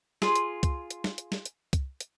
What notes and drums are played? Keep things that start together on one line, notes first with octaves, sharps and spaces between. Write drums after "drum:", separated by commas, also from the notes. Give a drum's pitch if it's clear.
F4 G#4 C6, drum: snare
drum: hi-hat
drum: kick C2, hi-hat
drum: hi-hat
drum: snare
drum: hi-hat
drum: snare
drum: hi-hat
drum: kick C2, hi-hat
drum: hi-hat